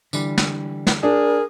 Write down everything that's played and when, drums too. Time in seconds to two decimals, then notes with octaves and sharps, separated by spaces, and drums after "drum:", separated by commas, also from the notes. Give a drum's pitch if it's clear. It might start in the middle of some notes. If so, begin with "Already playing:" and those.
0.13 D3 E3 G3, drum: tambourine
0.38 drum: snare
0.87 drum: snare
1.03 D4 G#4 A#4